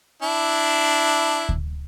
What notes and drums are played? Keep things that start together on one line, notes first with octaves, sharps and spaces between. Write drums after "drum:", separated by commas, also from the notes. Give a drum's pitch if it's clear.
D4 E4
drum: kick D2